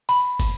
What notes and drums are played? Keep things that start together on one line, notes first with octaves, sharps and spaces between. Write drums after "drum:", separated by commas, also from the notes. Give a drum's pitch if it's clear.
B5, drum: cymbal
drum: kick, cymbal